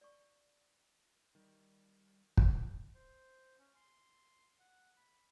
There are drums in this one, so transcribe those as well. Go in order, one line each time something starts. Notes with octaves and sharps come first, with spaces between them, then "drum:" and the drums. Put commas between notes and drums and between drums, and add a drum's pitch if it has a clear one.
D5 C#6
D#3 G3
drum: kick
C5
C#4
C6
F#5
B5